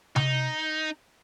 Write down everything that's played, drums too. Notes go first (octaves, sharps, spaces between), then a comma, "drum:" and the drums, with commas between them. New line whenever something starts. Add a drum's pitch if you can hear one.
D#4, drum: tom C3